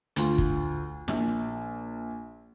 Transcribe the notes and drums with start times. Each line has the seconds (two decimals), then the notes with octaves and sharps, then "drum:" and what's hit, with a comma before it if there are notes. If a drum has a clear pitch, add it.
0.16 D2 F4, drum: hi-hat
0.38 drum: kick
1.08 A#1, drum: snare